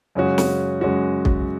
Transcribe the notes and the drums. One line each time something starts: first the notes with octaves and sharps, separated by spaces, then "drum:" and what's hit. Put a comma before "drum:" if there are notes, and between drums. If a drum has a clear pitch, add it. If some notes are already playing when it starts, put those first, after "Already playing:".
F#2 C#3 G#3 C#4 F#4
drum: snare
F#2 C#3 G#3 C#4 F#4
drum: kick